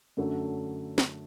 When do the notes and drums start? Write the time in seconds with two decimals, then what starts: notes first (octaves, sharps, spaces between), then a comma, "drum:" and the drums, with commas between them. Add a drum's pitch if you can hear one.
0.17 F#2 D3 F#3 A3
0.98 drum: snare